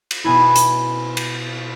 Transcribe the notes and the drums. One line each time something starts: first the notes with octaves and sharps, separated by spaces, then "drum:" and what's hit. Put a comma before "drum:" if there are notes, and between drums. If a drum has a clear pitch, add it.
drum: cymbal
B2 B3 E4 G#5
drum: hi-hat
drum: cymbal